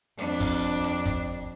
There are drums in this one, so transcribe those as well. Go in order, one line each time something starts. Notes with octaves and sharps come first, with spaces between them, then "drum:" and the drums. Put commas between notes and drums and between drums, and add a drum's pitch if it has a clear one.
F2 D4, drum: hi-hat
drum: kick, open hi-hat
drum: hi-hat
drum: kick, hi-hat